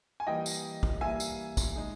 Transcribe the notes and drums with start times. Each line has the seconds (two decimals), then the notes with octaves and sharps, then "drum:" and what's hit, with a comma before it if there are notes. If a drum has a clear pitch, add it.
0.20 G#5
0.27 E3 G3 A#3 D#5 G5
0.46 drum: tambourine
0.83 drum: kick
1.01 E3 G3 A#3 E5 G#5
1.20 drum: tambourine
1.57 drum: kick, tambourine
1.76 G#3 D#4 G#4